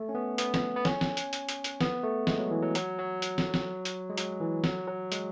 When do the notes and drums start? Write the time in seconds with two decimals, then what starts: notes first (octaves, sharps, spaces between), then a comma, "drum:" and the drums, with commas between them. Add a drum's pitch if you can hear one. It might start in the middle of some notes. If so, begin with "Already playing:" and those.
Already playing: A3
0.09 C#4
0.15 B3
0.38 B3, drum: hi-hat
0.54 drum: snare
0.76 B3
0.85 C#4, drum: snare
1.01 drum: snare
1.17 drum: hi-hat
1.33 drum: hi-hat
1.49 drum: hi-hat
1.64 drum: hi-hat
1.81 B3, drum: snare
2.03 A3
2.27 G#3, drum: snare
2.39 F#3
2.51 E3
2.62 F#3
2.75 F#3, drum: hi-hat
2.99 F#3
3.22 drum: hi-hat
3.38 drum: snare
3.54 drum: snare
3.85 drum: hi-hat
4.09 G#3
4.18 F#3, drum: hi-hat
4.40 E3
4.64 F#3, drum: snare
4.87 F#3
5.12 G#3, drum: hi-hat